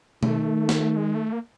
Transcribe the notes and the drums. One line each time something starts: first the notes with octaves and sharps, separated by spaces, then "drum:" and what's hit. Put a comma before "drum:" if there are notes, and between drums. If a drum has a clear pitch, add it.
D#3 A3, drum: tom B2
drum: snare
G#3
A3
A#3